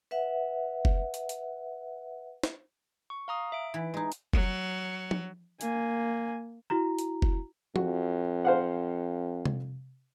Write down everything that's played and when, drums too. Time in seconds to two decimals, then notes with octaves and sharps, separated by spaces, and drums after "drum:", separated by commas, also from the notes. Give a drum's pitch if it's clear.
0.11 B4 E5 F#5
0.85 drum: kick F1
1.14 drum: hi-hat
1.29 drum: hi-hat
2.43 drum: snare
3.10 C#6
3.28 F5 A#5 D#6
3.52 E5 D7
3.74 E3
3.94 G#3 D#4
4.12 drum: hi-hat
4.33 F#3, drum: kick F1
5.11 drum: tom F3
5.61 A#3 G#5, drum: hi-hat
6.70 E4 F#4 A#5
6.99 drum: hi-hat
7.22 drum: kick F1
7.76 F2 F#4, drum: tom F3
8.45 C5 F5 F#5
9.46 drum: tom C3